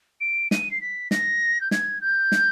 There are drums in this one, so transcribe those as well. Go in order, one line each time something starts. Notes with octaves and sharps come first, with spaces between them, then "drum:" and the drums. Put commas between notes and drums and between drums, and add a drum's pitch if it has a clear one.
D7
D#7, drum: snare
C7
B6
A#6, drum: snare
G6
G#6, drum: snare
G6
drum: snare